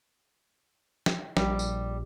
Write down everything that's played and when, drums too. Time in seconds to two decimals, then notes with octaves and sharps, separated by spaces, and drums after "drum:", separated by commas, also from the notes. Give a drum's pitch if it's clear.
1.06 drum: snare
1.37 A#1 G3, drum: snare
1.59 drum: tambourine